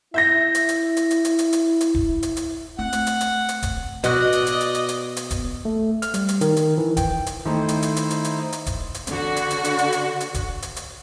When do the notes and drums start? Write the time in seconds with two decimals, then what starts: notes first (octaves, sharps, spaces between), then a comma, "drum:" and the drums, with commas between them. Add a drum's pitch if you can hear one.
0.14 E4 E5 G6 A#6
0.55 drum: hi-hat
0.69 drum: hi-hat
0.97 drum: hi-hat
1.11 drum: hi-hat
1.25 drum: hi-hat
1.39 drum: hi-hat
1.53 drum: hi-hat
1.81 drum: hi-hat
1.95 drum: kick D#1
2.23 drum: hi-hat
2.37 drum: hi-hat
2.79 A3 C4 F#5
2.93 drum: hi-hat
3.07 drum: hi-hat
3.21 drum: hi-hat
3.49 drum: hi-hat
3.63 drum: kick D#1, hi-hat
4.04 B2 F#4 D5 D#5, drum: hi-hat
4.33 drum: hi-hat
4.47 drum: hi-hat
4.61 drum: hi-hat
4.75 drum: hi-hat
4.89 drum: hi-hat
5.16 drum: hi-hat
5.30 drum: kick D#1, hi-hat
5.65 A3
6.02 F6, drum: hi-hat
6.14 G3, drum: hi-hat
6.28 drum: hi-hat
6.41 D#3, drum: hi-hat
6.56 drum: hi-hat
6.78 E3
6.97 G5, drum: kick D#1, hi-hat
7.26 drum: hi-hat
7.45 D#3 A3 D#4 E4 C5
7.68 drum: hi-hat
7.82 drum: hi-hat
7.96 drum: hi-hat
8.10 drum: hi-hat
8.24 drum: hi-hat
8.52 drum: hi-hat
8.66 drum: kick D#1, hi-hat
8.94 drum: hi-hat
9.07 D3 F#4, drum: hi-hat
9.36 drum: hi-hat
9.50 drum: hi-hat
9.64 drum: hi-hat
9.78 drum: hi-hat
9.92 drum: hi-hat
10.20 drum: hi-hat
10.34 drum: kick D#1, hi-hat
10.62 drum: hi-hat
10.76 drum: hi-hat